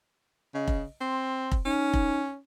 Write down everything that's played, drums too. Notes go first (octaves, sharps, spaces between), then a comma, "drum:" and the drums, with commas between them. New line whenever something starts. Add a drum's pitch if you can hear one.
C#3 D#5
drum: kick F1
C4 C6
drum: kick F1
C#4 D#4
drum: kick F1